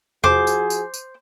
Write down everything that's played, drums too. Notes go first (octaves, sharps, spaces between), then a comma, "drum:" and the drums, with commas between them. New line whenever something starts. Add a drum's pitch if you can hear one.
F3 F#4 G#4 C5 D6, drum: tom E2
drum: tambourine
drum: tambourine
drum: tambourine